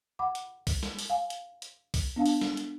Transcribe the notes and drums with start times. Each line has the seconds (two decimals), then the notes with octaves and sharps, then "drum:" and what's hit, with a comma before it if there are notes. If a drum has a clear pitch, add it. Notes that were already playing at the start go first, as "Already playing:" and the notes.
0.19 F#5 B5 D6
0.35 drum: hi-hat
0.67 drum: kick B1, open hi-hat
0.83 drum: snare
0.99 drum: open hi-hat
1.10 F5 G#5
1.30 drum: hi-hat
1.62 drum: hi-hat
1.94 drum: kick B1, open hi-hat
2.16 B3 D4 F5 A5
2.26 drum: open hi-hat
2.41 drum: snare
2.57 drum: hi-hat